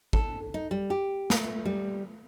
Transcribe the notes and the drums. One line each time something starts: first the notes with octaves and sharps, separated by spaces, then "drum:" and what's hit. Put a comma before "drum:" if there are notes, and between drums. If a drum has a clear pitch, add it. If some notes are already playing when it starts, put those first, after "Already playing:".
A4, drum: kick G#1
D#4
G3
G4
A3, drum: snare
G3